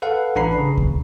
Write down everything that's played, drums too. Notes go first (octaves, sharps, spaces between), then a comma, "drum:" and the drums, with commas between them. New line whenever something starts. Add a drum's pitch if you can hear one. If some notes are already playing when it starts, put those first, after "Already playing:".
A4 B4 F5 F#5
A1 D4 B4 A#5 B5 C7
C#3
drum: kick D2